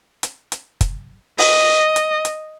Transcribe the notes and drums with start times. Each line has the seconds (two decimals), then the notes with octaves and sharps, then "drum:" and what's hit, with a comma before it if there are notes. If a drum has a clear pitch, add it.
0.23 drum: hi-hat
0.52 drum: hi-hat
0.81 drum: kick, hi-hat
1.38 D#5, drum: open hi-hat
1.96 drum: hi-hat
2.25 drum: hi-hat